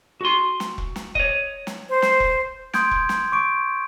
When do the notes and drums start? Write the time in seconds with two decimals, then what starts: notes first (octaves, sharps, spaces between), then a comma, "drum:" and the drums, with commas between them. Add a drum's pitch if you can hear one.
0.21 F#4 C6
0.60 drum: snare
0.78 drum: kick E1
0.96 drum: snare
1.15 C#5 D#5, drum: kick E1
1.67 drum: snare
1.89 C5
2.02 drum: snare
2.20 drum: kick E1
2.74 C6 D#6 G6 G#6 D7, drum: snare
2.91 drum: kick E1
3.09 drum: snare
3.32 C#6 D6 D7